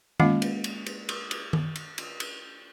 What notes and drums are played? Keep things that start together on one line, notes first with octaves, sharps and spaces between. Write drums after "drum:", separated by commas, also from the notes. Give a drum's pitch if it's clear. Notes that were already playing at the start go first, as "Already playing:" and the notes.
G#3 A#3 C#4 F4 F5 F#5, drum: tom D#3
drum: cymbal
drum: cymbal
drum: cymbal
drum: cymbal
drum: cymbal
drum: tom D#3
drum: cymbal
drum: cymbal
drum: cymbal